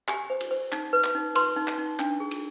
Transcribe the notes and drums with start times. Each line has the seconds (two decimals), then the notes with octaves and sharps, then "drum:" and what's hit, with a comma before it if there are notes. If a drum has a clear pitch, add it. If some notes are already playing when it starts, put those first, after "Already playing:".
0.08 G4 G#5, drum: clap
0.30 C5
0.41 drum: cymbal
0.51 C5
0.72 D#4, drum: clap
0.93 B4
1.04 drum: clap
1.15 D#4
1.35 B4 C6, drum: cymbal
1.56 D#4
1.68 drum: clap
1.78 D#4
1.99 D4, drum: clap
2.20 G#4
2.31 drum: cymbal